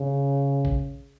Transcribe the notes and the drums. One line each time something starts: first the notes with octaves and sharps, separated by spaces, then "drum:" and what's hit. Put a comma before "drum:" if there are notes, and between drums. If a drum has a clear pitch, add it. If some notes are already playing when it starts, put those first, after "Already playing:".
Already playing: C#3
drum: kick A1